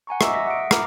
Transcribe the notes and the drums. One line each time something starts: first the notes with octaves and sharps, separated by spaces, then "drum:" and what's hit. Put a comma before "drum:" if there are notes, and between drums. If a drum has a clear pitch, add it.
F#5 G#5 A#5 C#6
D#5 E5 A#5 C#6 D6 E6, drum: rim click
E5 A#6 B6
E5 F#5 D#6 A#6 D7
A#5 B5 D6 F6, drum: rim click